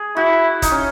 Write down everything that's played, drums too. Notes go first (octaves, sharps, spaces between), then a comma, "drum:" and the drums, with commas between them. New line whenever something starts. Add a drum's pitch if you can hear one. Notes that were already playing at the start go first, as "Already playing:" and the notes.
Already playing: G#4
E4 F#4
D#4, drum: kick D#1, hi-hat
C#4